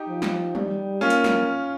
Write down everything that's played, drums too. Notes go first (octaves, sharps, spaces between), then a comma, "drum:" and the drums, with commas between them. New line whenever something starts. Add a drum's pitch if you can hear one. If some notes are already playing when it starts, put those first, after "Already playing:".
Already playing: D#4 G4
F3
drum: snare
G3, drum: tom
A#3 C#4 F4
drum: hi-hat
drum: snare